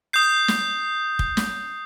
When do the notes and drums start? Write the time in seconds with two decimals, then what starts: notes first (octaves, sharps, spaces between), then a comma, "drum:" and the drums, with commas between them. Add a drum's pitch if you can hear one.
0.13 D#6 G6 C7
0.48 drum: snare
1.19 drum: kick
1.37 drum: snare